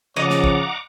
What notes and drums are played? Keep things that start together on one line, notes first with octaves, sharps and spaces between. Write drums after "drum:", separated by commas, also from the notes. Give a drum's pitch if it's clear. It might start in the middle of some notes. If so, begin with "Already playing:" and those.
C#3 F3 D5 D#5 F#5 A#5 D6
drum: snare
drum: kick